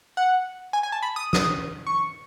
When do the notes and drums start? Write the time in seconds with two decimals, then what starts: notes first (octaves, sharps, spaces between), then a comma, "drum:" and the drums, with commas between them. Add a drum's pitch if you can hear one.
0.17 F#5
0.73 G#5
0.83 G#5
0.92 A5
1.02 B5
1.16 D#6
1.33 D#6, drum: snare
1.87 C#6